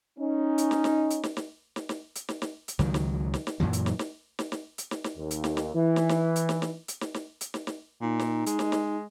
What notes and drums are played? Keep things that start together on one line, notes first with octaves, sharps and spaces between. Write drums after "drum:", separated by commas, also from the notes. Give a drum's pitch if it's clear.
C#4 D#4
drum: hi-hat
drum: snare
drum: snare
drum: hi-hat
drum: snare
drum: snare
drum: snare
drum: snare
drum: hi-hat
drum: snare
drum: snare
drum: hi-hat
C#2 D#3 F#3, drum: snare
drum: snare
drum: snare
drum: snare
F#2 A#2 E3 F#3
drum: hi-hat
drum: snare
drum: snare
drum: snare
drum: snare
drum: hi-hat
drum: snare
drum: snare
D#2
drum: hi-hat
drum: snare
drum: snare
E3
drum: snare
drum: snare
drum: hi-hat
drum: snare
drum: snare
drum: hi-hat
drum: snare
drum: snare
drum: hi-hat
drum: snare
drum: snare
A#2 D#4
drum: snare
G#3, drum: hi-hat
drum: snare
drum: snare